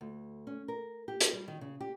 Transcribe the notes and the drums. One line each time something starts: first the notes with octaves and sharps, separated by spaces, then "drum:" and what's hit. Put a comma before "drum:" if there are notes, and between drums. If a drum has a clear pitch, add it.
D2
C#4
A#4
G4
drum: hi-hat
G3
D#3
C#3
G4